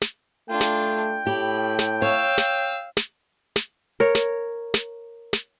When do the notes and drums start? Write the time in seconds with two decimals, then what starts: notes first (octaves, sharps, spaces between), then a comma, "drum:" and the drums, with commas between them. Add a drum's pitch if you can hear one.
0.02 drum: snare
0.50 A3 D4 F4 G5
0.61 drum: snare
1.27 A2 G4 B5
1.79 drum: snare
2.02 C#5 F5 E6
2.38 drum: snare
2.97 drum: snare
3.56 drum: snare
4.00 A#4 C#5
4.15 drum: snare
4.74 drum: snare
5.33 drum: snare